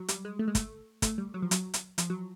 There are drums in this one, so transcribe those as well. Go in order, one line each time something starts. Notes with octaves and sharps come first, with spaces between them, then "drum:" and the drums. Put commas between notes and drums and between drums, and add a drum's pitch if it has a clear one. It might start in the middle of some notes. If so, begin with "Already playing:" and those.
Already playing: F#3
G3, drum: hi-hat
G#3
A3
G#3
A3, drum: kick, hi-hat
A3, drum: kick, hi-hat
G3
F#3
F3
F#3, drum: hi-hat
drum: hi-hat
F3, drum: hi-hat
F#3